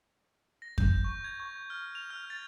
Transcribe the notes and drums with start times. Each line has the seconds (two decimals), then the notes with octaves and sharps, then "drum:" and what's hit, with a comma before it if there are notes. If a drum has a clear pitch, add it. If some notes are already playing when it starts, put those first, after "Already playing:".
0.62 A#6
0.78 G6, drum: kick F2
1.04 C#6
1.24 G#6
1.40 C#6
1.70 F6
1.95 F7
2.10 F6
2.30 A6